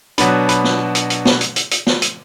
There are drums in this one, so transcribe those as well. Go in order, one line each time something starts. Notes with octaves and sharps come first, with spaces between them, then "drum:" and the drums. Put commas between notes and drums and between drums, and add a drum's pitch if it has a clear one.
B2 F#3 B3 D4 B5, drum: hi-hat
B5, drum: hi-hat
drum: snare
drum: hi-hat
drum: hi-hat
drum: snare
drum: hi-hat
drum: hi-hat
drum: hi-hat
drum: snare
drum: hi-hat